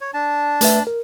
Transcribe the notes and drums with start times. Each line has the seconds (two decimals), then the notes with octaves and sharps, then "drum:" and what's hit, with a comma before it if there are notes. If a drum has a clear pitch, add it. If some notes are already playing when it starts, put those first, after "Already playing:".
0.01 C#5
0.14 D4 A5
0.61 A3 B4 E5, drum: hi-hat
0.87 A#4